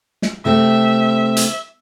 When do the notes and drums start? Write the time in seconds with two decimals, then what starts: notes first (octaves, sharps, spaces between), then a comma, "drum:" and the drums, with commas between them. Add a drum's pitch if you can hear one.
0.22 drum: snare
0.45 C3 A3 C4 E5
1.37 drum: hi-hat